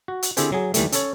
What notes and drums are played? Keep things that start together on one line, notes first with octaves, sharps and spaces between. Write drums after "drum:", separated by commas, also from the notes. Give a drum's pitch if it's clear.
F#4
drum: hi-hat
D3 C4 E4 G4 G#4 C5, drum: hi-hat
F#3 G#4
D#2 E3 G3 A3, drum: hi-hat
C#4 A4 C#5, drum: hi-hat